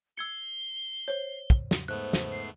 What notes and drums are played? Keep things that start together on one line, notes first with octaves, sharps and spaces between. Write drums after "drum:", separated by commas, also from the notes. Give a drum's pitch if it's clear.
E6 G#6 C7 C#7 G7
C5 C#5
drum: kick
drum: snare
G#2 A3 B3 C5 F#6
drum: snare
C7